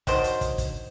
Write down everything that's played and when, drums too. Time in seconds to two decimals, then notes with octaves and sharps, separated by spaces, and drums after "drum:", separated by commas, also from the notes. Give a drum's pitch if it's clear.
0.07 D#3 F#3 D4 C5, drum: kick, hi-hat
0.24 drum: hi-hat
0.41 drum: kick, hi-hat
0.58 drum: kick, hi-hat